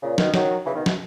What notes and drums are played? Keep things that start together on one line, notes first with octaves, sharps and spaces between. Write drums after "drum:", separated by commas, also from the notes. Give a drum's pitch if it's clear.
A#2 C#3
B2 D#3, drum: snare
D#3 F#3, drum: snare
C#3 E3
B2 D#3
B2, drum: snare